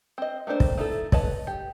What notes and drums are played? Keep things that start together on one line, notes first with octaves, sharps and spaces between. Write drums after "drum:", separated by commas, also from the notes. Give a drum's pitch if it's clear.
C4 D#5
A3 A#3 C4 D4 C5
drum: kick
A3 D#4 E4 A4
B4 C#5 D#5 A5, drum: kick
G4